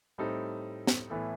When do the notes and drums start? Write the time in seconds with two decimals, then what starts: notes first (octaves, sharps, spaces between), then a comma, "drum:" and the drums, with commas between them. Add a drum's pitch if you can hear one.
0.18 A2 G3 C4 D#4 A4
0.87 drum: snare
1.10 A2 E3 B3 E4 A4